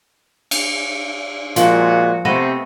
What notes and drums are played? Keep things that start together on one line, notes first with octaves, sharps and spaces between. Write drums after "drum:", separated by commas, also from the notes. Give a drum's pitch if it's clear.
drum: cymbal
A#2 F3 G#3 F#4, drum: hi-hat
C3 A3 B3 C4 D#5